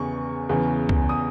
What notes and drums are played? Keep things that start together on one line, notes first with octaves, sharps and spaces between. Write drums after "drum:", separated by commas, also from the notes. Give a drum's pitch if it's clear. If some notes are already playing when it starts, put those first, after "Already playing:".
Already playing: E2 C#3 E3 C#6
E2 C#3 E3
drum: kick C#2
D#6